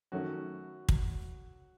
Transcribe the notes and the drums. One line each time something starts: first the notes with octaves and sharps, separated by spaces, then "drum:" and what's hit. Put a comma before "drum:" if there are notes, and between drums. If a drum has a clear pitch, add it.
F#2 D#3 F#3 A3 C#4 F#4
drum: kick